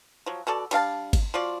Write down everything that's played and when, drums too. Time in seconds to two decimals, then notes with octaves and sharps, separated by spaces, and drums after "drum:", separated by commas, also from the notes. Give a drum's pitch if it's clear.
0.26 F3 F#3
0.47 B2 F#4 A4 D5
0.71 G3 D4 F5 A5, drum: cymbal
1.13 drum: kick G1, cymbal
1.34 F3 F4 F#4 D5